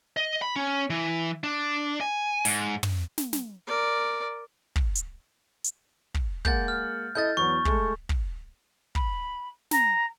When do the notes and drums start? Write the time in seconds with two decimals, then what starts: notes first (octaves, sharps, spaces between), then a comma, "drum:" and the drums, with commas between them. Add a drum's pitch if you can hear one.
0.17 D#5
0.42 B5
0.56 C#4
0.90 E3
1.44 D4
2.01 G#5
2.45 G#2, drum: open hi-hat
2.83 drum: tom
3.18 drum: snare
3.33 drum: snare
3.67 A#4 D5
4.76 drum: kick
4.95 drum: hi-hat
5.64 drum: hi-hat
6.14 drum: kick
6.45 G#3 A#3 F#5 G6 A6, drum: kick
6.68 F6
7.15 E4 A4 D#5 G6 A6
7.37 E2 F#3 B3 C#6
7.65 G#3 A3 A4, drum: kick
8.09 drum: kick
8.95 B5, drum: kick
9.71 A#5, drum: snare